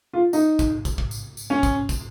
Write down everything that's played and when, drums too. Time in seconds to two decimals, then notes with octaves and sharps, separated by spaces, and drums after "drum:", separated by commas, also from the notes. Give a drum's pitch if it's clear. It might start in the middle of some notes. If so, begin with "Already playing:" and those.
0.13 F4
0.33 D#4, drum: tambourine
0.59 drum: kick, tambourine
0.85 drum: kick, tambourine
0.98 drum: kick
1.11 drum: tambourine
1.37 drum: tambourine
1.50 C#4
1.63 drum: kick, tambourine
1.89 drum: kick, tambourine